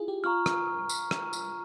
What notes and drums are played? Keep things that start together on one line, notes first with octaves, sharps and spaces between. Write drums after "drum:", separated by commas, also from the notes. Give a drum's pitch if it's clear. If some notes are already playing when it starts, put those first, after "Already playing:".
Already playing: E4 F4 G#4
G4
F4 A#5 C#6 F6
drum: rim click
drum: tambourine
drum: rim click
drum: tambourine